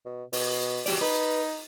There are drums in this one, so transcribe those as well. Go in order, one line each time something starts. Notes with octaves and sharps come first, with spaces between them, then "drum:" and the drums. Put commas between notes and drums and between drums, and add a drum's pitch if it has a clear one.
B2
B2, drum: open hi-hat
F#4 G4 D5, drum: open hi-hat
D#4 B4